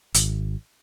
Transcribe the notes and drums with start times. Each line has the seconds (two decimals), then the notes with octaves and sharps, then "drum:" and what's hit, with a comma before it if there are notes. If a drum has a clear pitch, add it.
0.14 G#1, drum: hi-hat